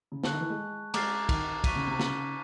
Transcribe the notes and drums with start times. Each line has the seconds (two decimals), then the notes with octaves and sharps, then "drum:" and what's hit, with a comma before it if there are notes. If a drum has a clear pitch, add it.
0.12 C#3
0.23 D3 A5 C#6 F#6, drum: snare
0.33 D#3
0.41 E3
0.50 G#3
0.94 G#3 A#5 D6 F6 A6 C7, drum: cymbal
1.29 D#3, drum: kick, cymbal
1.64 C#6 F#6 B6 D#7, drum: kick, cymbal
1.76 C#3
1.87 C3
1.99 C#3, drum: snare